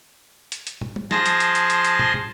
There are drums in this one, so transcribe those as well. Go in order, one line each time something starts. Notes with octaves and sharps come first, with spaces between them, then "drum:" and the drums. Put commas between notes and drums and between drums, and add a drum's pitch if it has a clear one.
drum: hi-hat
drum: hi-hat
drum: tom
drum: tom
F3 G#4 A5 C6 A#6, drum: snare
drum: hi-hat
drum: hi-hat
drum: hi-hat
drum: hi-hat
drum: hi-hat
drum: tom
drum: tom